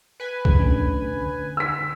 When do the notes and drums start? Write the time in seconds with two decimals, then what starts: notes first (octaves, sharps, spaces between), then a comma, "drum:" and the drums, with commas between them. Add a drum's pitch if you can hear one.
0.20 B4 G#5
0.45 drum: kick B1
0.59 A3 C#4 D4
1.20 D3
1.57 E6 B6